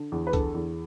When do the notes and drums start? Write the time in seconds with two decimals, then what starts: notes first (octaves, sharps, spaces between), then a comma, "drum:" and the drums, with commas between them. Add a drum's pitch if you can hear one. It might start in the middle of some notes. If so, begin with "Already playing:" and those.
Already playing: D3
0.12 E2
0.27 B4
0.33 D3 A4, drum: kick C2, hi-hat
0.55 E2